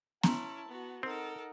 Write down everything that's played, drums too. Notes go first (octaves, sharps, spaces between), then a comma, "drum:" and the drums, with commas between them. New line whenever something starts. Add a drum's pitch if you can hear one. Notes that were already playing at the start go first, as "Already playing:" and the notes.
C#4 E4 A5 A#5 C6, drum: snare B3
B3 F#4
C4 D#4 A4 A#4 F#5